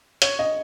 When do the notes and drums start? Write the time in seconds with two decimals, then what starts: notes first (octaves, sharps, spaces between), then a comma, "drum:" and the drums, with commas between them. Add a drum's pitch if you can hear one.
0.22 C#5, drum: hi-hat
0.39 D#5